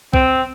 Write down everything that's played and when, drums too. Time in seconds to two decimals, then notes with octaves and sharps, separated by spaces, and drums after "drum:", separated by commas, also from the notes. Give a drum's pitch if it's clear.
0.13 C4, drum: kick B1